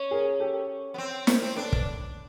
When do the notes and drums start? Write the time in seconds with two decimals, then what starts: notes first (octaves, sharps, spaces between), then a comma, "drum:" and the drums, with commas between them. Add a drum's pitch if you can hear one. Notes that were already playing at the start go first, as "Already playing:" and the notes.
Already playing: C#4
0.11 G#4 A#4
0.40 G4 A4
0.94 B3
0.98 C4
1.27 A#4 C5, drum: snare
1.42 C4
1.56 D4 A4 B4
1.73 drum: kick